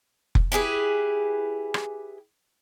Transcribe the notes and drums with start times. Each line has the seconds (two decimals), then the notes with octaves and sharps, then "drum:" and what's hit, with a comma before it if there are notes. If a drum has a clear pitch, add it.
0.35 drum: kick F1
0.52 E4 G4 G#4 B4
1.74 drum: rim click